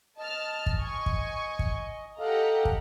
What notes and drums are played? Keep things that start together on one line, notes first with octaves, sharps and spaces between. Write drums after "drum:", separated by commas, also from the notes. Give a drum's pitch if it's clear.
D#5 A5 F6
drum: kick
G#5 C#6
drum: kick
drum: kick
G4 A4 D#5 F5 F#5 A#5
drum: kick